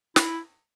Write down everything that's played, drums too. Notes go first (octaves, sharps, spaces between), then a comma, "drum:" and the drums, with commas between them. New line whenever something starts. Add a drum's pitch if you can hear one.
E4, drum: snare